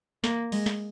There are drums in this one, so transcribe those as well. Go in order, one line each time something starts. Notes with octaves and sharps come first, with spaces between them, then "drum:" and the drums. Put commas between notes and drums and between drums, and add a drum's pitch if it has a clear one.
A#3, drum: snare
G#3, drum: open hi-hat
drum: snare